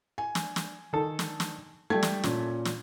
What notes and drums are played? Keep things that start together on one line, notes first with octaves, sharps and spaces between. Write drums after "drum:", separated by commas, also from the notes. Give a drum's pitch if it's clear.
G#5
drum: snare
drum: snare
D#3 A4
drum: snare
drum: snare
G3 A3 G5 G#6
drum: snare
A#2 C#4, drum: snare
drum: snare